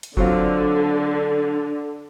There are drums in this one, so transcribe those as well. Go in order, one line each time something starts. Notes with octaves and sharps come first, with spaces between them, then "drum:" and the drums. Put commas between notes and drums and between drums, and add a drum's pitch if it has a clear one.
drum: hi-hat
D3 F#3 C4 F4, drum: kick F#1